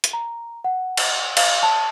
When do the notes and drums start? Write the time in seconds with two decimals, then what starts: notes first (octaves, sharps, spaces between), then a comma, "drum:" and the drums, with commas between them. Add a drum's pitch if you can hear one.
0.04 drum: hi-hat
0.13 A#5
0.64 F#5
0.97 drum: cymbal
1.37 F5, drum: cymbal
1.63 A5